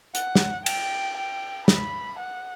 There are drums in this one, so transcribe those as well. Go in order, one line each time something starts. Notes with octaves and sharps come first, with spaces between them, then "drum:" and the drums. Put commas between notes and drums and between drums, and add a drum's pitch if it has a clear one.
F#5, drum: hi-hat
drum: snare
G5, drum: cymbal
G5
B5, drum: snare
F#5